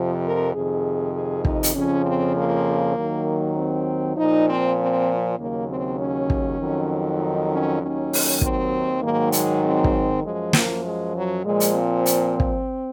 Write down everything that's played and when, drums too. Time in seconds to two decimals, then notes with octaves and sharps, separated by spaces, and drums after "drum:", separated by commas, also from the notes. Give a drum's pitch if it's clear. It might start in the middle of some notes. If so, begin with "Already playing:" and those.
Already playing: F2 C3 F3
0.23 A#4
0.53 F2 C3 D#3 G#4
1.14 G#4
1.45 D#4, drum: kick
1.63 drum: hi-hat
1.74 F2 C#3 F3 C#4
2.05 C4
2.35 A#3
2.96 D#2 D#3 F#3
3.57 C4
4.17 A#2 F3 D#4
4.48 C4
4.77 C4
5.38 D#2 C#3 F#3 A#3
5.69 C4
5.99 C#4
6.30 drum: kick
6.59 F2 D#3 F#3
7.20 D#4
7.50 C#4
7.80 D#2 D#3 F#3 C#4
8.13 drum: open hi-hat
8.41 C4, drum: kick
9.02 G#2 D#3 F#3 A#3
9.32 G#3, drum: hi-hat
9.63 C4
9.84 drum: kick
10.23 F#2 F3 G#3
10.53 A#3, drum: snare
10.84 G#3
11.14 F#3
11.44 A#2 F3 G#3
11.60 drum: hi-hat
11.74 C4
12.06 drum: hi-hat
12.40 drum: kick